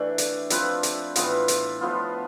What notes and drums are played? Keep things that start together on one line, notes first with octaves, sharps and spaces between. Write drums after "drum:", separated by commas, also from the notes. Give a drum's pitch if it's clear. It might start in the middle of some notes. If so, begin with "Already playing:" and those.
Already playing: E3 A3 D4 G4
drum: hi-hat
F3 C4 F4 B4, drum: hi-hat
drum: hi-hat
A2 E3 B3 F4, drum: hi-hat
drum: hi-hat
A2 F3 B3 F4